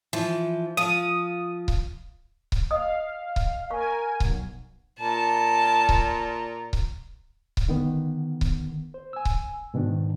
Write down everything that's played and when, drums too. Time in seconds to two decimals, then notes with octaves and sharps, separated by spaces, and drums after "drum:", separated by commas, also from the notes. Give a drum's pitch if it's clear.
0.13 E3 F3
0.77 F3 D#6
1.68 drum: kick C#1
2.52 drum: kick C#1
2.71 D#5 F5 D#6
3.36 drum: kick C#1
3.70 A#4 F5 G#5 C#6
4.20 B1 F#5, drum: kick C#1
5.00 A#2 A5
5.89 drum: kick C#1
6.73 drum: kick C#1
7.57 drum: kick C#1
7.68 D3 D#3 B3
8.41 drum: kick C#1
8.94 C5
9.13 G#5 E6
9.25 drum: kick C#1
9.74 G#2 B2 D#3 D4